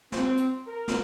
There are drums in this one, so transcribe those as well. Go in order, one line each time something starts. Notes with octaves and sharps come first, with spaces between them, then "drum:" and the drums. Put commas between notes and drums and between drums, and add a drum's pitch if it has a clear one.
C4, drum: snare
drum: hi-hat
A#4
drum: snare